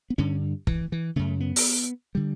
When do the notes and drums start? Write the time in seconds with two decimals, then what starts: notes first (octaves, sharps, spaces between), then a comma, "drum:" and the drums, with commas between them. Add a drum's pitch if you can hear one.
0.10 B3
0.18 G2 D3 C#4
0.67 E3, drum: kick
0.92 E3
1.16 F#2 C#3 A3
1.40 B3
1.56 drum: open hi-hat
2.15 D3 G3